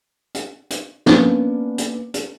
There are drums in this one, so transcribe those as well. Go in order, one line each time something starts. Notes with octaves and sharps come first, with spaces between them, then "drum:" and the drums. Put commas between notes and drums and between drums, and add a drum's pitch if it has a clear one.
drum: hi-hat
drum: hi-hat
A#3 B3 C#4 D4, drum: snare
drum: hi-hat
drum: hi-hat